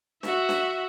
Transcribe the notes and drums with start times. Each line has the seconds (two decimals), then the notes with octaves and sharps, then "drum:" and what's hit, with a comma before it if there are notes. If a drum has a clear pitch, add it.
0.23 F#4 E5, drum: snare
0.49 drum: snare